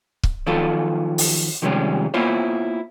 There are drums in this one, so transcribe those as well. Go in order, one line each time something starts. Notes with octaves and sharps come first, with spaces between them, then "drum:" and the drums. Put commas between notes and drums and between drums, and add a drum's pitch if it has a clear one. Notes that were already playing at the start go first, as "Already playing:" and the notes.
drum: kick
D#3 F3 F#3 B3 F4 A4
drum: open hi-hat
C3 D#3 F3 G3 G#3 C#4
A#3 B3 E4 F4 C5 C#5